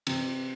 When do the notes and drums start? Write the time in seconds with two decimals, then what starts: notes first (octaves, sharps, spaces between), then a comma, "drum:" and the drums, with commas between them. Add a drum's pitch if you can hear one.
0.07 C3, drum: cymbal